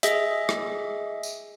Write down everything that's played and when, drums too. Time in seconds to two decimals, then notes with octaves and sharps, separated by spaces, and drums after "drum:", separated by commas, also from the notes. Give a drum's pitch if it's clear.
0.03 G#4 D#5 E5, drum: hi-hat
0.49 drum: rim click
1.23 drum: tambourine